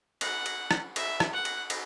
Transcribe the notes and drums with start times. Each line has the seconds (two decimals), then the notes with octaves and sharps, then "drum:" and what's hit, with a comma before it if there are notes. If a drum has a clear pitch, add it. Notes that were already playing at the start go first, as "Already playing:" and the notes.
0.21 F#5, drum: cymbal
0.46 drum: cymbal
0.71 drum: rim click
0.96 E5, drum: cymbal
1.20 drum: rim click
1.33 F#5
1.45 drum: cymbal
1.70 drum: cymbal